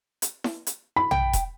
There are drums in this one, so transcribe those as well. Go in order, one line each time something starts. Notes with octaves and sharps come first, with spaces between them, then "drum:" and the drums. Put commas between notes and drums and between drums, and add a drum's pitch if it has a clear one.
drum: hi-hat
drum: snare E4
drum: hi-hat
B5
G5, drum: tom A#1
drum: kick E1, hi-hat